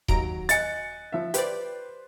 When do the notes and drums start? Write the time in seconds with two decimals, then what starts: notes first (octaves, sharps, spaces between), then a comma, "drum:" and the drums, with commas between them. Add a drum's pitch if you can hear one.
0.08 D#2 F#3 A#5 D7, drum: kick D#1
0.49 D#5 G#5 F#6 A6 C#7, drum: hi-hat
1.12 F3 E5
1.34 G4 B4 C5 D5, drum: hi-hat